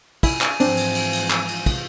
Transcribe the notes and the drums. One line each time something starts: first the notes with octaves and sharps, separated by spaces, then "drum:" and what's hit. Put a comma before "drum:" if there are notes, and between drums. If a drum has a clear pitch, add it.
E4 G#5, drum: kick, cymbal
drum: clap
G#2 E3 F3 C4 D4, drum: cymbal
drum: cymbal
drum: cymbal
drum: cymbal
drum: clap
drum: cymbal
drum: kick, cymbal